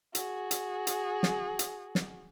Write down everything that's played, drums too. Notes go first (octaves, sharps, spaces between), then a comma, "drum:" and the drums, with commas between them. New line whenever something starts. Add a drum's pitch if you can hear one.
F#4 G#4, drum: hi-hat
drum: hi-hat
drum: hi-hat
drum: snare
drum: hi-hat
drum: snare